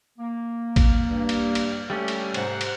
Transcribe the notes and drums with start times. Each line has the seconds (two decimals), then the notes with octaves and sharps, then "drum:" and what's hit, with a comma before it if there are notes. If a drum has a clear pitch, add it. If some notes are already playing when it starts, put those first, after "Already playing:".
0.18 A#3
0.76 drum: kick, cymbal
1.10 G2
1.29 drum: cymbal
1.55 drum: cymbal
1.90 G3 A3 C#4 G4
2.08 drum: cymbal
2.34 G#2 C3 C5 F#5, drum: cymbal
2.61 drum: cymbal